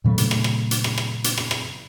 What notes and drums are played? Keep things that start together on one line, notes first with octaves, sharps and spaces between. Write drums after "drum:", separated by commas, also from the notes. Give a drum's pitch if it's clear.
A#2 C#3 F#3 A3
drum: hi-hat
drum: rim click
drum: rim click
drum: hi-hat
drum: rim click
drum: rim click
drum: hi-hat
drum: rim click
drum: rim click